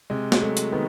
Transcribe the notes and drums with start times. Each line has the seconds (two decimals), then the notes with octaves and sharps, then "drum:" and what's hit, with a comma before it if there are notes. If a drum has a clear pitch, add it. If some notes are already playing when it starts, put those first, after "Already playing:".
0.10 C3 G#3
0.32 G#3, drum: snare
0.42 F#3 A3
0.57 drum: hi-hat
0.72 D#3 B3